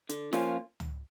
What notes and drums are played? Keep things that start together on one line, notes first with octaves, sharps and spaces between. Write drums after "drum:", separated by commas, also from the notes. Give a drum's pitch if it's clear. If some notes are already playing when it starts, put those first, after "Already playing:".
D3, drum: hi-hat
F3 A#3 C#4 F4, drum: snare
drum: tom C#2